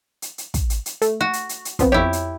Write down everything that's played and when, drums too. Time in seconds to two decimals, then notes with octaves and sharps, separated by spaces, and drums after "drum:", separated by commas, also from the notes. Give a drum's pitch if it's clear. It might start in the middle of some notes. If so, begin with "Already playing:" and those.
0.22 drum: hi-hat
0.38 drum: hi-hat
0.54 drum: kick, hi-hat
0.70 drum: hi-hat
0.86 drum: hi-hat
1.02 A3, drum: hi-hat
1.21 F#4
1.33 drum: hi-hat
1.49 drum: hi-hat
1.65 drum: hi-hat
1.79 F3 B3 C4, drum: kick, hi-hat
1.92 F2 E4 G4 C#5
2.13 drum: hi-hat